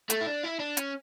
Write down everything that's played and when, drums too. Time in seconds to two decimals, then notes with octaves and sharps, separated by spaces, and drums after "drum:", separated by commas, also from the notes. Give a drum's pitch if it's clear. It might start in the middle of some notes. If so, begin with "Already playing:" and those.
0.10 A3, drum: hi-hat
0.21 E4
0.27 D4
0.44 E4
0.60 D4
0.77 C#4, drum: hi-hat